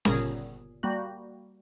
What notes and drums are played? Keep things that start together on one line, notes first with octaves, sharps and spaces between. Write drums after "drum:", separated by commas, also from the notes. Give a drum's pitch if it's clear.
G1 A#2 C#3 G#4 A#4 D#6, drum: snare C#4
G3 A#3 F#4